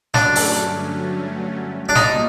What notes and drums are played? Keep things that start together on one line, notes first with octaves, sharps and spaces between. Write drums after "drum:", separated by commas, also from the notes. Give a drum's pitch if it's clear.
G2 D3 F#3 A3 C#4 D4, drum: snare
drum: open hi-hat
D4
B2 G3 A#3 C#4 D#4 F4, drum: snare